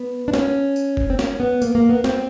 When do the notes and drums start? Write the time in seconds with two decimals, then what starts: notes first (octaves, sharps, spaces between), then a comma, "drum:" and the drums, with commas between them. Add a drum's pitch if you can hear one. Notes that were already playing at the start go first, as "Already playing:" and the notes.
Already playing: B3
0.28 D4
0.33 C#4, drum: snare
0.76 drum: tambourine
0.97 drum: kick F1
1.10 C4
1.19 C#4, drum: snare
1.40 B3
1.62 A#3, drum: tambourine
1.75 A#3
1.89 B3
2.04 C4, drum: snare